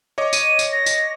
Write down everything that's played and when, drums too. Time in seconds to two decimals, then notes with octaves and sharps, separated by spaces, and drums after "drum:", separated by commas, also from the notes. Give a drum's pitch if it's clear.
0.18 C#5 D#5 D6
0.33 D#7, drum: tambourine
0.59 drum: tambourine
0.72 A#6
0.86 drum: tambourine